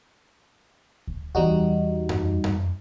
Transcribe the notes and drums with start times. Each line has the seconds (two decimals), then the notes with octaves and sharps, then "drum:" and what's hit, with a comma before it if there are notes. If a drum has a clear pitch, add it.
1.07 drum: kick D2
1.35 E2 G3 D#4 F#4, drum: kick D2
2.09 drum: tom F#2
2.44 drum: tom F#2